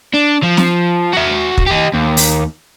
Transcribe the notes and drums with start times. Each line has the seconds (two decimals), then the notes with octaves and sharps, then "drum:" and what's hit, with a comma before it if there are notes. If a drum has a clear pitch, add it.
0.14 D4
0.43 F3
0.57 drum: snare
1.13 F#4 E5
1.58 drum: kick
1.67 G4 D#5
1.94 D#2
2.17 drum: open hi-hat